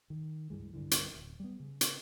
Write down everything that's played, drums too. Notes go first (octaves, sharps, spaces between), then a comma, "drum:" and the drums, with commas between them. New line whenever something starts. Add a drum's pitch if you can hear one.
D#3
C#2 G2 E3 G#3
C2 G2 D3 E3
drum: hi-hat
D1
G3 B3
C#3
drum: hi-hat